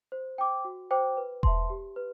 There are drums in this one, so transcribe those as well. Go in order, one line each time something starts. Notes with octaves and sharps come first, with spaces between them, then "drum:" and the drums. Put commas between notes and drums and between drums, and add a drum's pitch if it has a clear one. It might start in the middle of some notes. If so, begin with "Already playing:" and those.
C5
G5 D6
F#4
C5 G5 D6
B4
E5 A5 C6, drum: kick E1
G4
B4